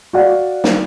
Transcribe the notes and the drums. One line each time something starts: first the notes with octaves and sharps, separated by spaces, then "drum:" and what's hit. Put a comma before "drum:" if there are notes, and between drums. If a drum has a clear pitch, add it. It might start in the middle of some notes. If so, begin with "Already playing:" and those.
F#4 D5 F5 F#5
drum: snare